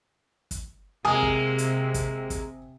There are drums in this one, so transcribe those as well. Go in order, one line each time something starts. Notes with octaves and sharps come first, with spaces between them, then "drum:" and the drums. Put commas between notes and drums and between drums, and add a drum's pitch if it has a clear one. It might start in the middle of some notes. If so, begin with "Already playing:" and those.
drum: kick, hi-hat
C3 G#3 A#3 G#5 D#6
drum: kick
drum: hi-hat
drum: kick, hi-hat
drum: kick, hi-hat